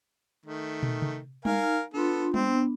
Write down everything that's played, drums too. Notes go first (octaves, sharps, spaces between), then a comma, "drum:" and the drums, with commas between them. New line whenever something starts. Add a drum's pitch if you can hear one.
D#3 A3
drum: tom
drum: tom C3
D#4 A#4 F5 G#5, drum: tom G3
B3 D4 F4 A4 C6
B3 C4 D4, drum: tom G3